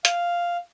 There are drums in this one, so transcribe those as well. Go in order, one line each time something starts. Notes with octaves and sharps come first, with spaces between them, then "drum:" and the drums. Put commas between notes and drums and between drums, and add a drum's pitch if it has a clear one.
F5, drum: hi-hat